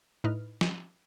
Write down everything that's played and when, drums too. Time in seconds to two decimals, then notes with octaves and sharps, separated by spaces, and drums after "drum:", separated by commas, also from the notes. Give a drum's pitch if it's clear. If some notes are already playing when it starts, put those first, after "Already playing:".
0.24 A2 D#4 E4 B4 D#5 F6
0.61 drum: snare